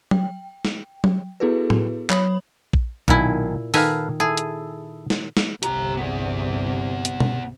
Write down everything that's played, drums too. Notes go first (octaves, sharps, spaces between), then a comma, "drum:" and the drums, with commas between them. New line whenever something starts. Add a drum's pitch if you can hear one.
G5, drum: tom F#3
drum: snare
drum: tom F#3
B3 E4 F#4 G#4 A4 B4
drum: tom A2
F#3 C#5 B5 D#6 F#7, drum: clap
drum: kick A#1
B1 A#2 D#3 E4 G#5, drum: kick A#1
D#3 A4 B4 E5 F5 G#5, drum: open hi-hat
E4 G#4 A4
drum: hi-hat
drum: snare
drum: snare
G1 C2 C3 G4 A#5, drum: hi-hat
B3 G#4
drum: hi-hat
drum: tom B2